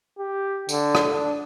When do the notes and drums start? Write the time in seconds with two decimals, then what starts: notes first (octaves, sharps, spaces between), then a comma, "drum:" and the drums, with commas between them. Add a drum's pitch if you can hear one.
0.19 G4
0.69 D3, drum: tambourine
0.95 drum: rim click
1.12 D4